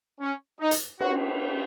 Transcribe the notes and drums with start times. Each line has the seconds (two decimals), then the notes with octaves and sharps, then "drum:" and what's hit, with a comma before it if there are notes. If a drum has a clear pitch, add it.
0.21 C#4
0.61 D#4
0.71 drum: hi-hat
1.00 F#4, drum: cymbal